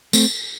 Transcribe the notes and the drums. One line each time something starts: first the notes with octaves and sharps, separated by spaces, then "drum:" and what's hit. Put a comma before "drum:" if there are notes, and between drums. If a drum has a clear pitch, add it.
A3 C4, drum: tambourine